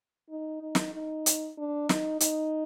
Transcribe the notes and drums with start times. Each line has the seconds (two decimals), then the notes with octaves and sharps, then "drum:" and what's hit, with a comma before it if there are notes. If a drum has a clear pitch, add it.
0.30 D#4
0.62 D#4
0.75 drum: snare
0.94 D#4
1.26 drum: hi-hat
1.58 D4
1.89 D#4, drum: snare
2.20 D#4, drum: hi-hat